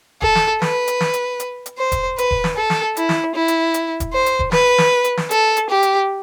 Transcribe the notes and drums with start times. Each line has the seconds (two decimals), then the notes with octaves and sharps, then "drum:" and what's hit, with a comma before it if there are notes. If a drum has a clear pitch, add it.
0.22 A4, drum: kick E1
0.35 drum: snare
0.62 B4, drum: snare
0.87 drum: hi-hat
1.01 drum: snare
1.14 drum: hi-hat
1.40 drum: hi-hat
1.66 drum: hi-hat
1.78 C5
1.92 drum: kick E1, hi-hat
2.18 B4, drum: hi-hat
2.31 drum: kick E1
2.44 drum: snare
2.56 A4
2.70 drum: snare
2.97 E4, drum: hi-hat
3.09 drum: snare
3.35 E4
3.48 drum: hi-hat
3.74 drum: hi-hat
4.00 drum: kick E1, hi-hat
4.13 C5
4.26 drum: hi-hat
4.39 drum: kick E1
4.52 B4, drum: snare
4.78 drum: snare
5.04 drum: hi-hat
5.17 drum: snare
5.31 A4, drum: hi-hat
5.57 drum: hi-hat
5.70 G4
5.83 drum: hi-hat